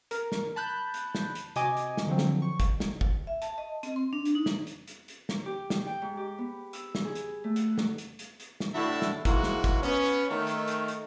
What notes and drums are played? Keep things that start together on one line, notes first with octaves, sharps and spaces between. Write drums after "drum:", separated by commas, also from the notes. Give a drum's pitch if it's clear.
A#4, drum: hi-hat
drum: snare
A5 B5 F#6 G6
drum: hi-hat
drum: snare
drum: hi-hat
C3 F#4 D#5 G#5 D6, drum: hi-hat
drum: hi-hat
drum: snare
D3 F3 F#3 C4
drum: snare
C#6
drum: kick, hi-hat
drum: snare
drum: kick
E5
A5, drum: hi-hat
D#5
C4, drum: hi-hat
C6
D4
drum: hi-hat
D#4
drum: snare
drum: hi-hat
drum: hi-hat
drum: hi-hat
drum: snare
G4
drum: snare
G5
G#2
G4
B3
E6, drum: hi-hat
drum: snare
G#4
drum: hi-hat
A3
F#5, drum: hi-hat
drum: snare
drum: hi-hat
drum: hi-hat
drum: hi-hat
drum: snare
A2 D4 E4 F#4 E5 A5
drum: snare
G#2 G#3 A#3 E4 F#4, drum: kick, hi-hat
drum: snare
drum: kick, hi-hat
B3 C#4, drum: hi-hat
drum: hi-hat
D#3 A3
drum: hi-hat
drum: hi-hat
drum: hi-hat